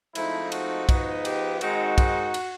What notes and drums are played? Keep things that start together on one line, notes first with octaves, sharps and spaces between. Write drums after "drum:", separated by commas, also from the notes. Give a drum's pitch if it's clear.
G#2 F3 A3 C4 D#4 E4, drum: cymbal
F#4, drum: cymbal
G#2 F3 G#3 B3 D#4, drum: kick, cymbal
G4, drum: cymbal
D#3 G#3 C4 D#4 F#4, drum: cymbal
drum: kick, cymbal
drum: cymbal